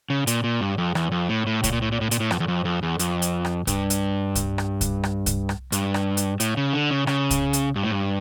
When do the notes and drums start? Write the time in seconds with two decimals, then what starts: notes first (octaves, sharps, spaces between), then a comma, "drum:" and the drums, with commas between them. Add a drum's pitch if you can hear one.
0.10 C#3
0.27 A#2, drum: hi-hat
0.44 A#2
0.61 G2
0.78 F2
0.95 E2, drum: rim click
1.12 F2
1.29 A2
1.47 A2
1.64 A2, drum: kick C2, hi-hat
1.73 A#2
1.82 A2
1.92 A#2
2.01 A2
2.11 A#2, drum: hi-hat
2.20 A2
2.31 F2, drum: rim click
2.40 E2
2.48 F2
2.65 F2
2.83 E2
2.99 F2, drum: hi-hat
3.22 drum: hi-hat
3.45 drum: rim click
3.67 G2, drum: kick C2, hi-hat
3.90 drum: hi-hat
4.35 drum: kick C2, hi-hat
4.58 drum: rim click
4.81 drum: kick C2, hi-hat
5.03 drum: rim click
5.26 drum: kick C2, hi-hat
5.49 drum: rim click
5.72 G2, drum: hi-hat
5.94 drum: rim click
6.17 drum: hi-hat
6.40 A2, drum: hi-hat
6.57 C#3
6.73 D3
6.91 C#3
7.07 C#3, drum: rim click
7.30 drum: kick C2, hi-hat
7.53 drum: hi-hat
7.76 G2
7.84 A2
7.91 G2